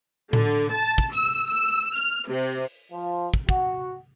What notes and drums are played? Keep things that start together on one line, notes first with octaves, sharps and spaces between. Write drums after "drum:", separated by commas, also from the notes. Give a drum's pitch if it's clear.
D3, drum: tom A2
A5
drum: kick
E6, drum: hi-hat
E6
F6, drum: hi-hat
C3
drum: open hi-hat
F3
drum: kick
F#4, drum: kick